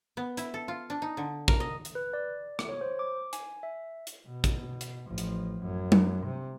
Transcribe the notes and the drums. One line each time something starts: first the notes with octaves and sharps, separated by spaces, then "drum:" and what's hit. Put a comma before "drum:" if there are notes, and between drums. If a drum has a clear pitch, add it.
B3
E4, drum: hi-hat
A4
F4
D4
D#4
D3
A#4, drum: kick
D#5
drum: hi-hat
B4
D5
drum: rim click
C#5
C5
D6
G#5, drum: hi-hat
E5
drum: hi-hat
B2
drum: kick, hi-hat
drum: hi-hat
A1 F3
drum: hi-hat
F#2
drum: tom F#3
C3